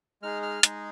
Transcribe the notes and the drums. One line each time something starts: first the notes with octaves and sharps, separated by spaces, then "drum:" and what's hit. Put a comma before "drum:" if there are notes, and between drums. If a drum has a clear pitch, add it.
G#3 D#4 G#4 F6
F6
G#3 D#4 G#4, drum: hi-hat